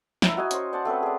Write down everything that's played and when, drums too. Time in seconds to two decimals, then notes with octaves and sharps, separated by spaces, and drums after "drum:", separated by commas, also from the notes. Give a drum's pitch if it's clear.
0.22 E4 A#5 E6, drum: snare
0.37 F#4 D#5 G#5
0.51 C#4 C5, drum: hi-hat
0.73 C5 D5 F#5 A5
0.85 A3 C4 C#4 B4
1.03 G#4 D5